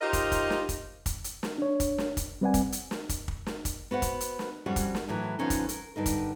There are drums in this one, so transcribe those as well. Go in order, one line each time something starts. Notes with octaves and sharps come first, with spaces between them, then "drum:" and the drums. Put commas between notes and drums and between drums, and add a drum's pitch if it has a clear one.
D#4 F4 G4 A#4 C5 D#5
drum: kick, hi-hat
drum: kick, hi-hat
drum: snare
drum: kick, hi-hat
drum: kick, hi-hat
drum: hi-hat
drum: snare
D4 C#5
drum: kick, hi-hat
drum: snare
drum: kick, hi-hat
G3 C4 B4 D5 F#5 G#5
drum: kick, hi-hat
drum: hi-hat
drum: snare
drum: kick, hi-hat
drum: kick
drum: snare
drum: kick, hi-hat
B3 F#4 C5 F#5
drum: kick, hi-hat
drum: hi-hat
drum: snare
F2 G3 C#4 F#4
drum: kick, hi-hat
drum: snare
A2 E3 F#3
D3 F3 B3 C#4 D#4
drum: kick, hi-hat
A#4, drum: hi-hat
G2 D3 D#4 A#4
drum: kick, hi-hat